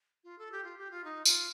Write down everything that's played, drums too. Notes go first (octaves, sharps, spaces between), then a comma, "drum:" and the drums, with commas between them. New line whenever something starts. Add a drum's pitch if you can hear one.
F4
A4
G4
F4
G4
F4
D#4
F4, drum: tambourine